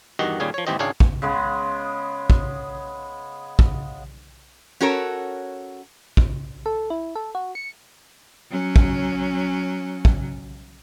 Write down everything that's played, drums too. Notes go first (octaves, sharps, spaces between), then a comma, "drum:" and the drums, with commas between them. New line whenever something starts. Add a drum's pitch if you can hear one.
E2 G2 D#3 F#4 G4 D#5
D#2 A#2 G3 C#4 G#4 F5
F3 C#5
G#1 D#2 E3 C4 G4 D#5
G#1 C#2 D4 G#4 C#5 F5
drum: kick
C#3 G#3 B3
drum: kick
drum: kick
C#4 F#4 A4 A#4 C#5
drum: kick
A4
E4
A4
F#4
C#7
F#3 C#4
drum: kick
drum: kick